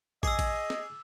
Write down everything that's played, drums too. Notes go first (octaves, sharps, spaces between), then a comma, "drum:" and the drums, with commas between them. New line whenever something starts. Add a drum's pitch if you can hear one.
G#4 D#5 D6 E6, drum: kick
drum: kick, cymbal
drum: snare